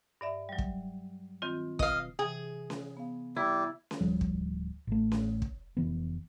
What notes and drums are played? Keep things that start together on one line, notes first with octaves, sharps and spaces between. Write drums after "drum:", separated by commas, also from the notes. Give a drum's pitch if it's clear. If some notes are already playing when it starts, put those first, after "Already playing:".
G2 D5 E5
F#3 G3
drum: kick
D#3 C4 F4
B2 D#5 F5, drum: kick
C3 E3 G#4
drum: snare C#4
B3 F5
G3 E4
drum: snare C#4
D1 F3 G3
drum: kick
A1 A3
drum: snare C#4
drum: kick
F1 E3 B3